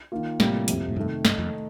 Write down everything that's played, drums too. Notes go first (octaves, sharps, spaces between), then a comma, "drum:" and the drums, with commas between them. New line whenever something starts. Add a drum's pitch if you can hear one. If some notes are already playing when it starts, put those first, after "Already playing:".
D#3 A#3 F4
A2 C3 G3 A#3 F4, drum: snare
F2 C3 F3, drum: hi-hat
A2
G2 C3 D#3 A3
G2 D#3 A3 D#4, drum: snare
F2